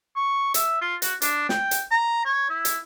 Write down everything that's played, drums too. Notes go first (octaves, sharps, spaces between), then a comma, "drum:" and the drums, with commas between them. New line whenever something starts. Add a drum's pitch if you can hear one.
C#6
E5, drum: hi-hat
F4
F#4, drum: hi-hat
D4, drum: hi-hat
G5, drum: snare
drum: hi-hat
A#5
C#5
E4
drum: hi-hat